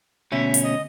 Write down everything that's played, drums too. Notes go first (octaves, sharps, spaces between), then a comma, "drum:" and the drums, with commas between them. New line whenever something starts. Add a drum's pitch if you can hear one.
D2 B2 C#4 E5
drum: hi-hat
D#5